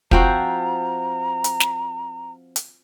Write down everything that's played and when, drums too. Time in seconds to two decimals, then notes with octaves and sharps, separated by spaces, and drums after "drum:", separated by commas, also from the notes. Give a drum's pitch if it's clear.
0.11 F3 C4 F#4 A#5, drum: kick
1.44 drum: hi-hat
1.60 drum: snare
2.56 drum: hi-hat